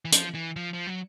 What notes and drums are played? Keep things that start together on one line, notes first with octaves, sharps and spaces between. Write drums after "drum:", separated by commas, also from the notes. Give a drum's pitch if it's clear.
E3
F3, drum: hi-hat
E3
F3
F3
F#3